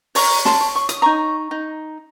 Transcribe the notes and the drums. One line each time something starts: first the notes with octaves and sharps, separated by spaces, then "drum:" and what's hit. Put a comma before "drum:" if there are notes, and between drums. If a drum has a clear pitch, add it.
C#5 A#5 C#6, drum: open hi-hat
A5 C6, drum: snare
C#5
C#6
D#6, drum: hi-hat
D#4 A#5 C#6
D#4